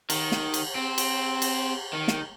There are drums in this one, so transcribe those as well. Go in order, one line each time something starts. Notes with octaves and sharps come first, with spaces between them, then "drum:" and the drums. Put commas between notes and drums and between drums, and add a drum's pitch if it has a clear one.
D#3, drum: cymbal
drum: snare
drum: cymbal
C4
drum: cymbal
drum: cymbal
D#3
drum: snare